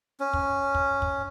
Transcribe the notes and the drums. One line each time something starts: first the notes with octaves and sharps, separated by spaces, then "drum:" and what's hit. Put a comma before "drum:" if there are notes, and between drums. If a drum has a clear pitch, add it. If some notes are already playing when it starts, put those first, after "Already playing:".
C#4
drum: kick
drum: kick
drum: kick